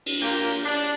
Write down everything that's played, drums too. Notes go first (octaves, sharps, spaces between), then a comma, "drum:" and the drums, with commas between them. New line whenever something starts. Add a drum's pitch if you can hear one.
drum: cymbal
A#3 F4 G4 A#4 G5
D4